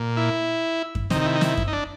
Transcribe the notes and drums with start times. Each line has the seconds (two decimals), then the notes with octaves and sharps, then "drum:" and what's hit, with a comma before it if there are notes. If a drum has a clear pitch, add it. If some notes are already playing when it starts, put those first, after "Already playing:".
Already playing: A#2
0.17 E4
0.95 drum: kick F#2
1.10 C3 D#4, drum: snare
1.16 D#3
1.21 D#4
1.26 E4
1.35 D#4
1.41 E4, drum: snare
1.57 drum: kick F#2
1.68 D#4
1.73 D4